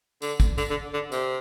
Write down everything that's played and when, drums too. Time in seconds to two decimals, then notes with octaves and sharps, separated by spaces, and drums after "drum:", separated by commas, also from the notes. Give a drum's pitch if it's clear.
0.22 D3, drum: tambourine
0.40 drum: kick, tambourine
0.58 D3, drum: tambourine
0.70 D3
0.94 D3
1.12 C3, drum: tambourine